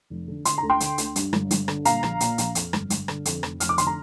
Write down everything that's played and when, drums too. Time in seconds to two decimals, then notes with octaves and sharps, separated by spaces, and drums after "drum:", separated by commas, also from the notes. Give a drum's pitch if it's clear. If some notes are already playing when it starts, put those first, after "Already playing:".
0.10 F1
0.28 D3
0.45 D3 C6, drum: hi-hat
0.58 D2 A#5
0.70 G5 C6
0.80 D3, drum: hi-hat
0.98 D2, drum: hi-hat
1.16 G2, drum: hi-hat
1.33 G1, drum: rim click
1.51 G1, drum: hi-hat
1.68 D3, drum: rim click
1.85 A#2 F5 A#5, drum: hi-hat
2.03 A#1, drum: rim click
2.20 A#2, drum: hi-hat
2.38 A#1, drum: hi-hat
2.55 F2, drum: hi-hat
2.73 G1, drum: rim click
2.90 G1, drum: hi-hat
3.08 D3, drum: rim click
3.25 F2, drum: hi-hat
3.43 F1, drum: rim click
3.60 F1 F6, drum: hi-hat
3.69 D6
3.78 D3 C6, drum: hi-hat
3.87 A#5